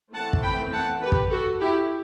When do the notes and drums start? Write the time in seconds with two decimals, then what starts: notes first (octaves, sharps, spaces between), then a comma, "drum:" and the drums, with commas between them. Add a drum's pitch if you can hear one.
0.13 E3 A3 C4 F#5 A5
0.33 drum: kick
0.43 G5 B5
0.73 F#5 A5
1.02 G4 B4
1.12 drum: kick
1.31 F#4 A4
1.61 E4 G4